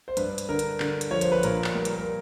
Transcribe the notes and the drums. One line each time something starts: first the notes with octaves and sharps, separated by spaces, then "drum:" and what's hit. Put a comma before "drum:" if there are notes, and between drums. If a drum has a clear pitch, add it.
C5
G2 B4, drum: hi-hat
drum: hi-hat
D3 A#4
drum: hi-hat
D3, drum: clap
drum: hi-hat
F3 C#5
C5, drum: hi-hat
B4
A#2 A#4, drum: hi-hat
drum: clap
G3 A#4
drum: hi-hat
A#4